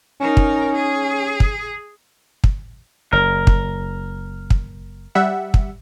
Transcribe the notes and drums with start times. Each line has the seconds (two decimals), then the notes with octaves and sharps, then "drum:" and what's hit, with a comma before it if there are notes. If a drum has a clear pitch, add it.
0.21 C#4 D#4 A#4
0.37 drum: kick
0.75 G#4
1.40 drum: kick
2.44 drum: kick
3.13 F#1 A#4
3.47 drum: kick
4.50 drum: kick
5.15 G3 E5 F#5
5.54 drum: kick